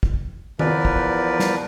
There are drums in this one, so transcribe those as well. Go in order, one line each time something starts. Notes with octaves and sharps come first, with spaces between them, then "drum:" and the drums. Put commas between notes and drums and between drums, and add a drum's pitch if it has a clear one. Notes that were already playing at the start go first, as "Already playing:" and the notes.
drum: kick
E2 F3 A#4 B4 D5, drum: tom D#3
drum: kick
drum: snare